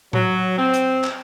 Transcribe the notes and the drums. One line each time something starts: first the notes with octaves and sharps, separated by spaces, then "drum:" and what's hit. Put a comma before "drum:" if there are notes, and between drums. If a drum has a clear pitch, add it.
F#3, drum: tom A2
C4
drum: hi-hat
drum: clap